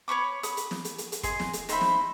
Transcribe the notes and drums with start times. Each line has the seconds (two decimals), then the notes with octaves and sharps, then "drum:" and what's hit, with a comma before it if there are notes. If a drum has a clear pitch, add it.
0.08 C#5 B5 C#6 D6
0.43 B5 D#6, drum: hi-hat
0.57 drum: hi-hat
0.71 drum: snare
0.85 drum: hi-hat
0.98 drum: hi-hat
1.12 drum: hi-hat
1.23 G#4 D#5 C6, drum: kick, hi-hat
1.40 drum: snare
1.53 drum: hi-hat
1.69 D#4 C5 E5 B5, drum: hi-hat
1.81 drum: snare